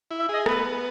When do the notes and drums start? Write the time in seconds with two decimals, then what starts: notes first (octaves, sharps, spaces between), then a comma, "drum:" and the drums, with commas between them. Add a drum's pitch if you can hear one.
0.11 E4
0.19 E5
0.29 G#4 D#5
0.46 B3 B4, drum: rim click